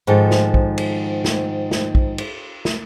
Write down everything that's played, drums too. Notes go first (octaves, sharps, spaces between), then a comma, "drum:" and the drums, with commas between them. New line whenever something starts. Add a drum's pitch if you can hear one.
G#2 D#3 F3 A4
drum: snare
drum: kick A#1
drum: cymbal
drum: snare
drum: snare
drum: kick A#1
drum: cymbal
drum: snare